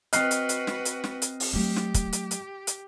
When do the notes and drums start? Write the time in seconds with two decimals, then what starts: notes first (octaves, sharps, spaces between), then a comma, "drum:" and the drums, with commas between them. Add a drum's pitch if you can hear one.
0.13 C4 F#4 B4 D#5 F6 F#6 C7, drum: hi-hat
0.31 drum: hi-hat
0.49 drum: hi-hat
0.67 drum: snare
0.85 drum: hi-hat
1.04 drum: snare
1.22 drum: hi-hat
1.40 drum: open hi-hat
1.53 F#3 A3 G4
1.76 drum: snare
1.94 drum: kick, hi-hat
2.13 drum: hi-hat
2.31 drum: hi-hat
2.67 drum: hi-hat